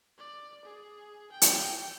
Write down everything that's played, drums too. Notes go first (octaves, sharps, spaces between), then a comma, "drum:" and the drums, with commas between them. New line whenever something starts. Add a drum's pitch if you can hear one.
D5
G#4
G5
drum: hi-hat